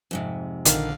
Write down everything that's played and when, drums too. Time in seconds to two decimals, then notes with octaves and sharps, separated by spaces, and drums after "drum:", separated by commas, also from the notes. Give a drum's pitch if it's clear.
0.11 F2 G#2 C3
0.65 A#1 D3 D#3 F5, drum: hi-hat